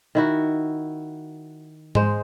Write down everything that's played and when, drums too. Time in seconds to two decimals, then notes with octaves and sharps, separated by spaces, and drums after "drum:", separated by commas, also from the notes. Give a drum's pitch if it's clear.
0.15 D#3 E4 F#4
1.95 G#3 C5, drum: tom G#2